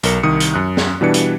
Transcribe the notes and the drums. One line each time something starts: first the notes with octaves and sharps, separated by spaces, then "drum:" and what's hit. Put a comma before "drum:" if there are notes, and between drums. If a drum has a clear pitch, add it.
B1 A#4 C#7, drum: hi-hat
C2 D#3 D#6 C#7
drum: hi-hat
F#2 D#6 F#6
drum: snare
B2 E3 G3 D4 B4 C#7
drum: hi-hat